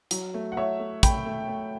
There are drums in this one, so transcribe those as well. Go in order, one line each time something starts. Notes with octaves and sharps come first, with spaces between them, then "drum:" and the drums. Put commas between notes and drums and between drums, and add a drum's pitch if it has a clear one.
F#3, drum: hi-hat
A3
F#5
A3 C#5 E5
A3
A3 G5 B5, drum: kick, hi-hat
A3
A3